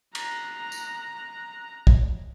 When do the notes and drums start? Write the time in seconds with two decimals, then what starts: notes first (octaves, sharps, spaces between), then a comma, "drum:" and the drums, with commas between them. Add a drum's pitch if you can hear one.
0.15 A#5 F#6, drum: cymbal
0.72 drum: tambourine
1.87 drum: kick